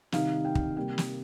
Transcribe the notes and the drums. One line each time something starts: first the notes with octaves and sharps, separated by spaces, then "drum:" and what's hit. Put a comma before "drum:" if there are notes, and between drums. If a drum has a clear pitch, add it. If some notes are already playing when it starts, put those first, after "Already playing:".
C3 D#3 G3 D#4 F5, drum: snare
G5
drum: kick
C3 G3 A#3 G5
drum: snare